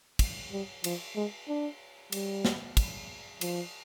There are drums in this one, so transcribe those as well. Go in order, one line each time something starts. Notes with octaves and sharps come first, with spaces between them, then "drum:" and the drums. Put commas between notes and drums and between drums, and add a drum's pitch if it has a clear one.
drum: kick, cymbal
G3
F3, drum: cymbal
G#3
D4
G3, drum: cymbal
drum: snare
drum: kick, cymbal
F3, drum: cymbal